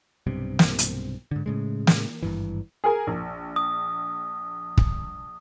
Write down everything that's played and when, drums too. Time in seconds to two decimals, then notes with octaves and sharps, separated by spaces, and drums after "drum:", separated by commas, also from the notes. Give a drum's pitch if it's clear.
0.27 B1 G2 C3
0.59 drum: snare
0.79 drum: hi-hat
1.31 G#2 D3
1.46 A2 C#3 G#3
1.87 drum: snare
2.23 G#1 G2 E3
2.84 G#4 A#4 G#5
3.07 A#1
3.56 D#6
4.77 drum: kick